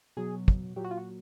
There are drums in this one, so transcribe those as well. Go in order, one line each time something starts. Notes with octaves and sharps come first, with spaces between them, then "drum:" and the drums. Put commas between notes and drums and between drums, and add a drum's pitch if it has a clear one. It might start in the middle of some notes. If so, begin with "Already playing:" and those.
B2 F#3 G#4
drum: kick
A#2 F#3 G4
F#4
F4
F#4